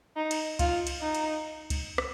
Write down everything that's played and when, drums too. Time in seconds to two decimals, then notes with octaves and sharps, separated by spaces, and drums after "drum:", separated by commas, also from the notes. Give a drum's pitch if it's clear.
0.16 D#4
0.31 drum: cymbal
0.59 F4, drum: kick C#2, cymbal
0.87 drum: cymbal
1.01 D#4
1.15 drum: cymbal
1.70 drum: kick C#2, cymbal
1.98 drum: rim click